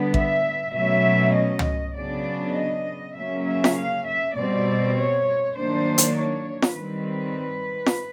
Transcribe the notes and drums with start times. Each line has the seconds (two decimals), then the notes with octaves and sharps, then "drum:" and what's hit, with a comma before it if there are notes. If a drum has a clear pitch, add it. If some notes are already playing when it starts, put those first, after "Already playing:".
Already playing: D3 G3 B3 D4
0.14 E5, drum: kick A1
0.74 B2 F#3 A3 C#4 E5
1.35 D#5
1.59 drum: tom
1.96 C#3 F#3 B3 D4 D5
2.55 D#5
3.15 C#3 F#3 A#3 C#4 E5
3.46 E5
3.64 drum: snare
3.76 F5
4.06 E5
4.36 B2 G3 C4 D5
4.97 C#5
5.56 D#3 F#3 A#3 D4 C5
5.98 drum: hi-hat
6.17 C#5
6.62 drum: snare
6.76 D#3 G3 C4 B4
7.86 drum: snare